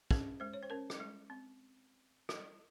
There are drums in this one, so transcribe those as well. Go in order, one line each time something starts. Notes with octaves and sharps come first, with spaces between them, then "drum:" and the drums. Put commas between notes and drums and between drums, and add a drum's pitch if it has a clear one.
C#4 G#4, drum: kick
G#3 C5
C#5
C5
C#4 A#4
drum: rim click
G#3
C4
drum: rim click